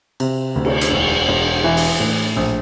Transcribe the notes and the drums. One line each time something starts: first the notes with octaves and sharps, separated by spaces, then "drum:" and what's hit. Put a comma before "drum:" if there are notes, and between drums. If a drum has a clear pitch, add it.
C3, drum: cymbal
D2
drum: cymbal
drum: hi-hat
E1
E1
E3
drum: open hi-hat
A2
A#1